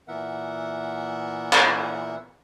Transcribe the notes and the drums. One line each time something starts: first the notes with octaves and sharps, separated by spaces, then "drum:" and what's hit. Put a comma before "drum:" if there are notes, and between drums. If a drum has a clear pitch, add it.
A#2 E3 B3 A#4 E5 F#5
drum: clap